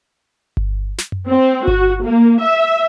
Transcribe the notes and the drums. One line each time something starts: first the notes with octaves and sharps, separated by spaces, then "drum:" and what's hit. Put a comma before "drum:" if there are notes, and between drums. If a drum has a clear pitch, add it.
drum: kick G1
drum: snare
drum: tom F#2
C4
F#4, drum: kick G1
A#3
E5